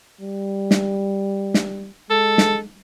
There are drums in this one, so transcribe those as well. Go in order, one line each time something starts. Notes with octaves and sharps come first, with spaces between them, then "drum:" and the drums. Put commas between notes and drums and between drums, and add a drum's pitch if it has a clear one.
G3
drum: snare
drum: snare
G#3 A4
drum: snare